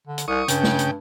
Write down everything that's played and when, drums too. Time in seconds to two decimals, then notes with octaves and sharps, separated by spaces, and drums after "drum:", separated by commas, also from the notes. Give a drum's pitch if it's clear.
0.07 D3
0.18 drum: hi-hat
0.28 C2 C#6 D#6
0.48 G2 C#3 G5, drum: hi-hat
0.63 drum: snare
0.79 drum: hi-hat